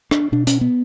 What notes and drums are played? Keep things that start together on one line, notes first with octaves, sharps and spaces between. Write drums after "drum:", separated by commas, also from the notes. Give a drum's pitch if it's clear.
D4, drum: rim click
B2 D4
C#4, drum: hi-hat
B3